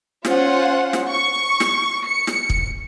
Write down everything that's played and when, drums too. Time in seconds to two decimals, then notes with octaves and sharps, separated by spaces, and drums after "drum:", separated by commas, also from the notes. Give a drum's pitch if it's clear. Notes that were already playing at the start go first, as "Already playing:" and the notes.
0.25 C#4 F4 C5 F#5, drum: snare
0.93 drum: snare
1.09 C#6
1.60 drum: snare
2.05 C#7
2.27 drum: snare
2.50 drum: kick